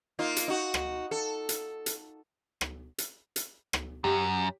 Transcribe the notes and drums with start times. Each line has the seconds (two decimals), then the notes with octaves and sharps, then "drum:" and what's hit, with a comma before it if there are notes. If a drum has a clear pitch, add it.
0.19 A#3 D#4 F4
0.36 drum: hi-hat
0.48 D#4 F#4
0.74 drum: rim click
1.11 A4
1.49 drum: hi-hat
1.86 drum: hi-hat
2.61 drum: rim click
2.98 drum: hi-hat
3.36 drum: hi-hat
3.73 drum: rim click
4.04 F#2 G4